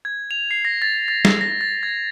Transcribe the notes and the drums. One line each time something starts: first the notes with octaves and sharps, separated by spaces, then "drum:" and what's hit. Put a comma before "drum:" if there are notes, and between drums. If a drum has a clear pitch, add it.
G#6
F7
C7
A#6
A6
A6
drum: snare
A#6
A6
G#6